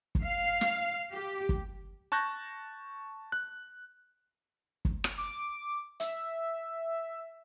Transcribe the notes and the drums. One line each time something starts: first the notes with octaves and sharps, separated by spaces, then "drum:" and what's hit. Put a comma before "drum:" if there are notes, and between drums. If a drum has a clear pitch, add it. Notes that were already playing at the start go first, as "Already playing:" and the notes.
drum: kick
F5
drum: snare
G4
drum: kick
A5 C#6 F#6 G6 A#6
F#6
drum: kick
drum: rim click
D6
E5, drum: hi-hat